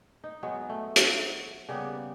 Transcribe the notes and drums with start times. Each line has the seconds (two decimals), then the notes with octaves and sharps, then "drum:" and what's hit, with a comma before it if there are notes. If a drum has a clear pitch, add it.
0.24 D#4
0.43 F#3 G#3 B3
0.69 A3
0.96 F#4, drum: hi-hat
1.69 C#3 G3 A#3 B3